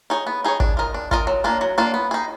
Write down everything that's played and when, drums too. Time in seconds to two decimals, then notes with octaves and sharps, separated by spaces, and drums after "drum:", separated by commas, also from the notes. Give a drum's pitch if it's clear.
0.10 D#4 G#4 C#5
0.27 B3
0.44 D#4 G#4 C#5
0.60 D4, drum: kick
0.77 F4 A#4 D#5
0.94 D4
1.11 F4 A#4 D#5, drum: kick
1.27 F#3
1.44 A#3 D4 F4
1.61 F#3
1.78 A#3 D4 F4
1.94 B3
2.11 D#4 G#4